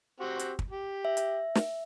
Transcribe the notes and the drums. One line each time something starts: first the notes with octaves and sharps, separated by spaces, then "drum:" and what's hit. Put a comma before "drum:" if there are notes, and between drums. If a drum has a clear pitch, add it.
C4 F#4 G4
drum: hi-hat
drum: kick
G4
E5
drum: hi-hat
drum: snare